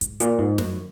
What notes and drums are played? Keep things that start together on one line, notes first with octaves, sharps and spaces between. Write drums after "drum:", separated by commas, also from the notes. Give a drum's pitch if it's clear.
G#2, drum: hi-hat
A#2, drum: hi-hat
G#2
F#2, drum: snare